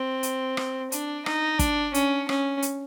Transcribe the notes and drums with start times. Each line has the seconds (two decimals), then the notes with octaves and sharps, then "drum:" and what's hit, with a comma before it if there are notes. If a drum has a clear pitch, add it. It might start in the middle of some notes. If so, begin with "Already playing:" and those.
Already playing: C4
0.23 drum: hi-hat
0.57 drum: rim click
0.92 D4, drum: hi-hat
1.26 D#4, drum: rim click
1.59 D4, drum: kick, hi-hat
1.94 C#4, drum: hi-hat
2.29 C#4, drum: rim click
2.62 drum: hi-hat